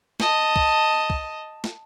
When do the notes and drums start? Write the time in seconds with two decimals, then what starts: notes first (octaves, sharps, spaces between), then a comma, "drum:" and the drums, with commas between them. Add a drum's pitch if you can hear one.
0.20 D#5 A5, drum: snare
0.56 drum: kick
1.10 drum: kick
1.64 drum: snare